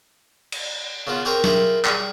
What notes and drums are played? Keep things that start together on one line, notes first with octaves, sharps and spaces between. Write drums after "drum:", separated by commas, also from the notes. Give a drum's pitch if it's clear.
drum: cymbal
C#3 B3 F4
C4 G4 G#4 A#4 C#5
E4 F4 G4 G#4 A#4, drum: tom F#3
G3 G#4, drum: clap